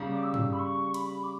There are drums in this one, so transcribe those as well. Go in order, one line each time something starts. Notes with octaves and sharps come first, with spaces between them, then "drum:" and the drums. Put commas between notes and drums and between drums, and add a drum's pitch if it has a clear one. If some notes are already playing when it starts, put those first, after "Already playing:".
Already playing: C#3 G3 A#3
D6
E6
drum: tom
B5
C#6
B5, drum: cymbal
D6